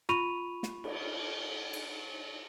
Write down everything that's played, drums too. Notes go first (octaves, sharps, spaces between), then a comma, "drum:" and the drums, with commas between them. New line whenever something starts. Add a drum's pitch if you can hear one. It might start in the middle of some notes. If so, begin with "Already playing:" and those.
F4 B5 C#6 D#7 F7, drum: rim click
drum: snare
drum: cymbal
drum: cymbal